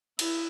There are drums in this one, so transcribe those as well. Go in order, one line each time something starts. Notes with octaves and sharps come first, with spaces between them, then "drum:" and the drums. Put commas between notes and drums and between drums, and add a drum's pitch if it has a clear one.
E4, drum: cymbal